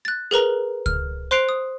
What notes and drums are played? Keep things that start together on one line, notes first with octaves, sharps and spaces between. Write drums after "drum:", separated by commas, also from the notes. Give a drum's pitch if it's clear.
F#6 A6
G#4 A#4 B4 A#5
F6, drum: kick C#2
C5 C6 F#6 C7 D7 F7
D#6